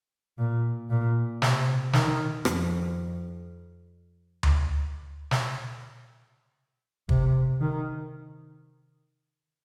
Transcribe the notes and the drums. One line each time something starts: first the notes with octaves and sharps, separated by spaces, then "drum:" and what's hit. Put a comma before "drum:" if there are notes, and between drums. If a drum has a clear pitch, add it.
A#2
A#2
C3, drum: snare
D#3, drum: snare
F2, drum: rim click
drum: tom D2
drum: snare
C3, drum: kick
D#3